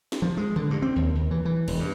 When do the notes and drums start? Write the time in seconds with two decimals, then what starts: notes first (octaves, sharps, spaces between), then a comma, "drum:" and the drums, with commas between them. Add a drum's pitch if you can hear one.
0.12 drum: snare
0.22 F3
0.37 G#3
0.56 D3, drum: tom C#3
0.71 G2
0.82 C4
0.96 D#2
1.15 D#2
1.31 E3
1.45 E3
1.68 E1, drum: cymbal
1.80 G2